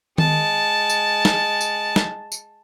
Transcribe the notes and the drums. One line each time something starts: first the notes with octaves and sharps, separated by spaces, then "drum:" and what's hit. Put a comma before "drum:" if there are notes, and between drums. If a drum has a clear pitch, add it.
G#3 A5, drum: tom D#3
drum: tambourine
drum: snare
drum: tambourine
drum: snare
drum: tambourine